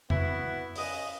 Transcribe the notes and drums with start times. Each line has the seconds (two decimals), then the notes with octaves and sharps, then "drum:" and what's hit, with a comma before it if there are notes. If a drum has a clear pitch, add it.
0.10 B3 E4 F#4, drum: tom F2
0.76 C#4 D#5, drum: open hi-hat